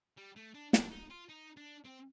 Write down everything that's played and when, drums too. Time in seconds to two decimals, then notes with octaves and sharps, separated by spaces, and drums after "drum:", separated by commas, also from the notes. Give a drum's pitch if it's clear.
0.17 G3
0.36 A3
0.55 D4
0.73 D4, drum: snare
0.92 D#4
1.11 F4
1.29 D#4
1.57 D4
1.85 C4